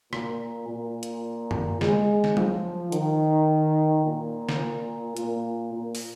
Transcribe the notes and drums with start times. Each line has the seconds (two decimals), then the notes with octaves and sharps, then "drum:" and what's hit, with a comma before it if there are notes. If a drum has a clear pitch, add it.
0.13 A#2, drum: rim click
0.68 A#2
1.03 drum: hi-hat
1.51 drum: tom F#2
1.81 G#3, drum: snare
2.24 drum: snare
2.37 F3, drum: tom F#3
2.92 D#3, drum: hi-hat
4.05 A#2
4.49 drum: snare
5.17 A#2, drum: hi-hat
5.73 A#2
5.95 drum: open hi-hat